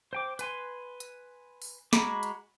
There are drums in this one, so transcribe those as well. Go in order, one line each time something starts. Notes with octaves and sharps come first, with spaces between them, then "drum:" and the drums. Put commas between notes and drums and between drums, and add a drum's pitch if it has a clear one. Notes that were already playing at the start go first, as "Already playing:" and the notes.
C5 G5 D6
B4 G#5 C6, drum: hi-hat
drum: hi-hat
drum: open hi-hat
G#3 F#4 A#5 B5 D6, drum: snare
drum: hi-hat